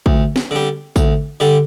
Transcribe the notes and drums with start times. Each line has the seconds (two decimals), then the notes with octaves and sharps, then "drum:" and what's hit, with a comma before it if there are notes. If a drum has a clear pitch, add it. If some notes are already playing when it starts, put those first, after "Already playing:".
0.06 D2, drum: kick
0.36 drum: snare
0.51 D3 G3
0.96 D2, drum: kick, tambourine
1.40 D3 G3